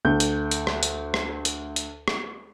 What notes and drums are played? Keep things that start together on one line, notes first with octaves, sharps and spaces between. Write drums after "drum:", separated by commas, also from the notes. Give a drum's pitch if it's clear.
D2 G6
drum: hi-hat
drum: hi-hat
drum: rim click
drum: hi-hat
drum: rim click
drum: hi-hat
drum: hi-hat
drum: rim click